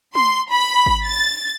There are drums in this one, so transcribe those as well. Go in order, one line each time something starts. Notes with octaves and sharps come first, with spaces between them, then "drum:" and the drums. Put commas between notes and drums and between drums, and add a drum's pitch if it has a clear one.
C6, drum: tom
B5
drum: kick G#1
A6